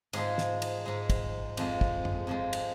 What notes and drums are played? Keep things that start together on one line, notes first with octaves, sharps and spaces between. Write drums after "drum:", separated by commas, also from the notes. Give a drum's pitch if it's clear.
G#2 F3 G#3 G#4, drum: cymbal
drum: snare
drum: cymbal
G#2 G#3
drum: kick, cymbal
F2 F3 G#3, drum: cymbal
drum: kick
drum: tom F#2
F2 F3 G#3
drum: cymbal